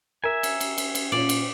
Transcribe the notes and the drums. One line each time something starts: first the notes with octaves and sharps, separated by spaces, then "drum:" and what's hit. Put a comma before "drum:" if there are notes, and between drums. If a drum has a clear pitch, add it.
A#4 E5 G#5
drum: cymbal
drum: cymbal
drum: cymbal
drum: cymbal
A#2 C#4 D5
drum: cymbal